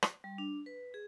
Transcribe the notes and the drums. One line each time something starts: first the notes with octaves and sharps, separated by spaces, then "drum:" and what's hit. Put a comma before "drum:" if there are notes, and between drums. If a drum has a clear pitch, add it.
drum: rim click
G3
D4
B4
G#4